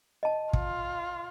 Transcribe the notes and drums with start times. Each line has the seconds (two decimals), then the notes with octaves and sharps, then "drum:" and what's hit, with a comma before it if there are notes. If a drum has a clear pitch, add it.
0.23 D#5 A5
0.53 F4, drum: kick